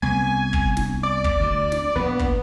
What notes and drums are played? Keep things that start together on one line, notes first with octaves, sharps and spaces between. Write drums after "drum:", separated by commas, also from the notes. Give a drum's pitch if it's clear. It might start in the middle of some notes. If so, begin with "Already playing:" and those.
C2 B3 G#5
drum: kick
drum: snare
D5
drum: kick
D2
drum: snare
A#1 B3
drum: kick